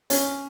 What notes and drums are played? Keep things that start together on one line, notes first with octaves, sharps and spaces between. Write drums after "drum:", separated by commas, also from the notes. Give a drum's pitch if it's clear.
C#4, drum: hi-hat